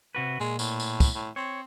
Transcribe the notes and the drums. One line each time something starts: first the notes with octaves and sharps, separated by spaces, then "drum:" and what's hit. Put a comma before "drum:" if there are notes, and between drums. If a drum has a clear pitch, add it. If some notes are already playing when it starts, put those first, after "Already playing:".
C3 F#4 B4
A#2 G#3
A2, drum: tambourine
drum: tambourine
drum: kick, tambourine
A2
C4 C#5